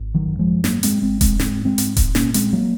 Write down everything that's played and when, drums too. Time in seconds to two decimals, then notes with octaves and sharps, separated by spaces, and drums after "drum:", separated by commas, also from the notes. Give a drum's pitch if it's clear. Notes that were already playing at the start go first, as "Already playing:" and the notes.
Already playing: G#1
0.14 D#3 F#3
0.27 F#2
0.39 F3 G#3
0.64 G#2 F#3 A#3, drum: snare
0.83 G#3 C4, drum: hi-hat
1.02 G#1 G#3 C4
1.21 G#3 C4, drum: kick D#1, hi-hat
1.39 G#2 G#3 C4, drum: snare
1.65 G#3 C4
1.78 G#2, drum: hi-hat
1.97 drum: kick D#1, hi-hat
2.15 A#2 A#3 C#4, drum: snare
2.34 G#3 C4, drum: hi-hat
2.53 F#3 A#3